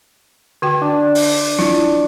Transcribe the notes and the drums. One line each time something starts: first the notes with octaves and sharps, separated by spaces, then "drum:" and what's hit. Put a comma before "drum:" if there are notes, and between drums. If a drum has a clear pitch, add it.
D3 F#4 G5
D4
drum: open hi-hat
E4 F4, drum: snare